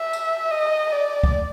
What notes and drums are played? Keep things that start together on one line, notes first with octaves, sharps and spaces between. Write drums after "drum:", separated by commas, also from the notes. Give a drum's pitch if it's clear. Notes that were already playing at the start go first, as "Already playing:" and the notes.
Already playing: E5
drum: tambourine
D#5
D5
drum: kick